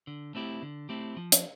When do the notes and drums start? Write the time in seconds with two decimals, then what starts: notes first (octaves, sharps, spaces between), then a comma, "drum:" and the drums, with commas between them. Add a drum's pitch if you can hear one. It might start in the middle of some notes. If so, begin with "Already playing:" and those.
0.07 D3
0.35 A3 C4 E4 G4
0.62 D3
0.89 A3 C4 E4 G4
1.17 F3
1.32 drum: hi-hat